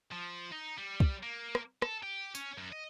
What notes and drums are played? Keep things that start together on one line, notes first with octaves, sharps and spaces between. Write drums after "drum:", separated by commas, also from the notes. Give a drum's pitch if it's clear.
F3
D#4
G3
drum: kick
A#3
drum: rim click
A4, drum: rim click
G4
C#4, drum: tambourine
F#2
D#5